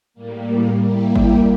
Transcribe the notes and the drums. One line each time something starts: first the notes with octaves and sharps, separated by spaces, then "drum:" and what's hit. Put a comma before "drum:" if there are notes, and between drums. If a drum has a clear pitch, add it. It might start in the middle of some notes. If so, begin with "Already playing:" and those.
A2 G3 A#3
G3 A#3 E4 G4
drum: kick G1